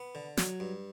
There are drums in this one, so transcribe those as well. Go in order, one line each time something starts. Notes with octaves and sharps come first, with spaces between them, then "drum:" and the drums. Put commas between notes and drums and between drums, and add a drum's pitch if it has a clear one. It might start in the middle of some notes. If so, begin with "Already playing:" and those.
Already playing: B3
D3
F#3, drum: snare
G2